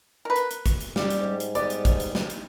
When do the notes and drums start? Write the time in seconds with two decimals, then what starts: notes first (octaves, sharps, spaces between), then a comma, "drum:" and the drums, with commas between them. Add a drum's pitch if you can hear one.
0.25 A#4 B4
0.36 drum: hi-hat
0.51 drum: hi-hat
0.66 drum: kick, hi-hat
0.81 drum: hi-hat
0.96 G3 C#4 G4, drum: snare
1.10 drum: hi-hat
1.21 G#2
1.40 drum: hi-hat
1.55 G3 B3 G4 D5, drum: hi-hat
1.70 drum: hi-hat
1.85 drum: kick, hi-hat
2.00 drum: hi-hat
2.15 drum: snare
2.30 drum: hi-hat